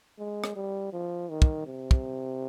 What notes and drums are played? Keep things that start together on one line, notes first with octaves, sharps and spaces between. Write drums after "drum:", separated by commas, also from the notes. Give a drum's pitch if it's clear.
G#3
drum: rim click
G3
F3
D#3
drum: kick
C3
drum: kick